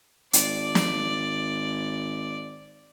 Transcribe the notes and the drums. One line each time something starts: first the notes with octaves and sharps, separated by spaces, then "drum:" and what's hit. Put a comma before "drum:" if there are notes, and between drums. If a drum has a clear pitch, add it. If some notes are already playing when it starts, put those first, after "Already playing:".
G#1 D5, drum: hi-hat
drum: snare